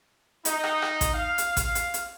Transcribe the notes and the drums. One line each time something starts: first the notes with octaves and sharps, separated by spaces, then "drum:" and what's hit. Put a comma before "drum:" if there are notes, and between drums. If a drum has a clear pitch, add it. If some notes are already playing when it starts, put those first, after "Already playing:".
D#4, drum: hi-hat
drum: rim click
drum: rim click
drum: kick A1, hi-hat
F5
drum: hi-hat
drum: kick A1, hi-hat
drum: hi-hat
drum: hi-hat